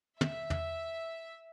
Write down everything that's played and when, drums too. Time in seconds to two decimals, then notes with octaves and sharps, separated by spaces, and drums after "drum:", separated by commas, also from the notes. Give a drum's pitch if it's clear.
0.21 E5, drum: tom
0.50 drum: tom